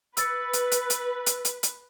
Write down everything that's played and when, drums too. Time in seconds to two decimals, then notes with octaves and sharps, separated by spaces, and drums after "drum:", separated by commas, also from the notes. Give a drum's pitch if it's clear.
0.17 B4 E6 A6 C#7, drum: hi-hat
0.53 drum: hi-hat
0.72 drum: hi-hat
0.90 drum: hi-hat
1.26 drum: hi-hat
1.45 drum: hi-hat
1.63 drum: hi-hat